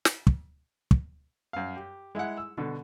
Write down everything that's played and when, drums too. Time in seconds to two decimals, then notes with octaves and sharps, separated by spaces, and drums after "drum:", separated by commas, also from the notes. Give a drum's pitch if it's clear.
0.05 drum: snare
0.27 drum: kick
0.91 drum: kick
1.53 F#2 F5
1.76 G4
2.15 G#3 E4 G#4 F#5
2.38 E6
2.58 B2 D3